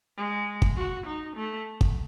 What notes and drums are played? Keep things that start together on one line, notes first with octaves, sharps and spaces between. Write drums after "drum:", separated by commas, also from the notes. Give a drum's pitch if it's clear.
G#3
drum: kick
F#4
D#4
A3
drum: kick